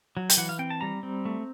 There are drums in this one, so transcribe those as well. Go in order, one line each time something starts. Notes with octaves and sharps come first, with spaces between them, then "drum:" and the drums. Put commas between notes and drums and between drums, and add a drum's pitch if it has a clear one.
F#3
G5, drum: hi-hat
E3 F#5
F5
C4 G5
A5
G3 A#5
C4
A3